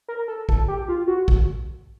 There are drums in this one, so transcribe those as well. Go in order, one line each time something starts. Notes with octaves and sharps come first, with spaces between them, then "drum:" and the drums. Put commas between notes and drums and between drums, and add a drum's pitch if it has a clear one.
A#4
A4
A4, drum: kick
G4
F4
F#4
drum: kick